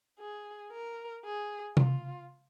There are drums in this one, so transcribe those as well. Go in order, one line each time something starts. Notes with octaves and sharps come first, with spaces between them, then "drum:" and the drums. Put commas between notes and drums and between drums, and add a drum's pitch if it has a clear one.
G#4
A#4
G#4
F4, drum: tom C3